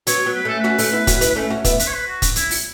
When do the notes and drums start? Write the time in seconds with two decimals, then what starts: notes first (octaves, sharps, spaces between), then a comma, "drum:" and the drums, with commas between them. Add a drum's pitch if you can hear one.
0.07 F#3 B3 C#5, drum: hi-hat
0.26 F#3 B3
0.36 B4
0.45 A3 C#4 A4
0.60 C#4 F#4 B4
0.78 A3 C#4, drum: open hi-hat
0.92 B3 E4
1.07 C#4 F#4, drum: kick, hi-hat
1.21 B3 E4, drum: hi-hat
1.36 A3 C#4
1.50 C#4 F#4
1.64 B3 E4, drum: kick, hi-hat
1.79 B4, drum: hi-hat
1.87 C#5
1.94 B4
2.07 F#4
2.22 drum: kick, hi-hat
2.36 E4, drum: hi-hat
2.51 drum: open hi-hat